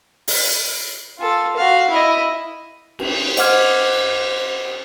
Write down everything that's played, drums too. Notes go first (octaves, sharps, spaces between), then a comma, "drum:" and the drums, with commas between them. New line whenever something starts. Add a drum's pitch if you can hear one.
drum: open hi-hat
F4 A4
F#4 F5
E4 D#5
drum: cymbal
C5 D#5 F#5 D6 F6 G#6, drum: hi-hat